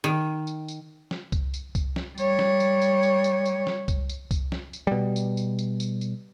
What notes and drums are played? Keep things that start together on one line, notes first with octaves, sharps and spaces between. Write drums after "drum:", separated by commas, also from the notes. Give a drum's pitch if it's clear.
D#3
drum: tambourine
drum: tambourine
drum: snare
drum: kick C2, tambourine
drum: tambourine
drum: kick C2, tambourine
drum: snare
G3 C#5, drum: tambourine
drum: snare
drum: tambourine
drum: tambourine
drum: tambourine
drum: tambourine
drum: tambourine
drum: snare
drum: kick C2, tambourine
drum: tambourine
drum: kick C2, tambourine
drum: snare
drum: tambourine
B2 G3
drum: tambourine
drum: tambourine
drum: tambourine
drum: tambourine
drum: tambourine